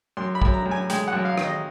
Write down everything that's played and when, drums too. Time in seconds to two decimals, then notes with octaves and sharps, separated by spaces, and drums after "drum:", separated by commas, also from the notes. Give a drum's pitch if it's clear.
0.17 F#2 C6
0.35 B5
0.42 F#2, drum: kick
0.54 A#5
0.66 F#2
0.71 G#5
0.90 G#3 G5, drum: hi-hat
1.08 F#5
1.13 F#2
1.25 F5
1.38 D#3, drum: rim click
1.44 D#5